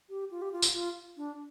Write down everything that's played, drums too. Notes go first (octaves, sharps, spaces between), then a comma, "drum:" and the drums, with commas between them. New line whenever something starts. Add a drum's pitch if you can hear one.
G4
F4
G4
F4
drum: tambourine
F4
D4